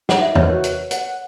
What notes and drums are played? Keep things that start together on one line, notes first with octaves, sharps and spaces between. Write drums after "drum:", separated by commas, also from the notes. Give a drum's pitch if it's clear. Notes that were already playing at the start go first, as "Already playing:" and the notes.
D#4 F#5, drum: snare
E5
E4 D#5
C#5, drum: tom
B4
F#4 A#4
drum: hi-hat
F#5, drum: hi-hat